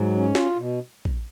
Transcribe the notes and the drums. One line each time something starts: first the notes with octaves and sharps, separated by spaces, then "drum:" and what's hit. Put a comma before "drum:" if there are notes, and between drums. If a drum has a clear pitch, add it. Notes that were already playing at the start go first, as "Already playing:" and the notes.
Already playing: G#2 F#3
C#4
F4, drum: snare
B2
drum: kick